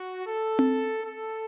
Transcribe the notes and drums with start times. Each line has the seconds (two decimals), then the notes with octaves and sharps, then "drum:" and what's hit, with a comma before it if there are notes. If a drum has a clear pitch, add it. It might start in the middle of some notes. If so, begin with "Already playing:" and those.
Already playing: F#4
0.26 A4
0.59 drum: tom C4
1.04 A4